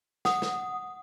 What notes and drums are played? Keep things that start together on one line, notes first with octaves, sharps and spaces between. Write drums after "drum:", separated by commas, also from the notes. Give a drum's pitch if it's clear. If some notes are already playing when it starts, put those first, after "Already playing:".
F#5 D#6, drum: snare
drum: snare